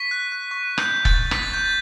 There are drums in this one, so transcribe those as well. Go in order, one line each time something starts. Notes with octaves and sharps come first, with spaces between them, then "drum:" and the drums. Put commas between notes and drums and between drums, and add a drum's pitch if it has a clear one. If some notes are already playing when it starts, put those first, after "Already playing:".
Already playing: C#6 B6
F#6
F#6
C#6
C#6
G6, drum: rim click
F#6
A6, drum: kick E1
F#6
G6 B6, drum: rim click
A6
C#6 G6
A6